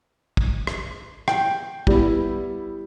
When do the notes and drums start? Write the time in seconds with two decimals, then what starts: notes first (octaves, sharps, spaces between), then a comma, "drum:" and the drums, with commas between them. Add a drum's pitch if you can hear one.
0.37 drum: kick
0.67 drum: rim click
1.28 G5, drum: rim click
1.87 G3 B3 E4, drum: kick